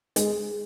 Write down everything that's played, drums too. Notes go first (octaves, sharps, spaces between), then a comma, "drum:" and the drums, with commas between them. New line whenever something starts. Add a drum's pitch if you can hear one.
G#3, drum: hi-hat